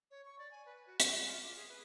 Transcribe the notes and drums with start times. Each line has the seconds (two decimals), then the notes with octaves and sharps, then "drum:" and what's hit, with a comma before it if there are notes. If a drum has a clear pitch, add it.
0.11 C#5
0.25 C#6
0.39 D5
0.51 G#5
0.66 B4
0.87 F#4
1.00 G#4, drum: hi-hat
1.13 F5
1.26 F4
1.43 D6
1.56 G#4
1.69 B4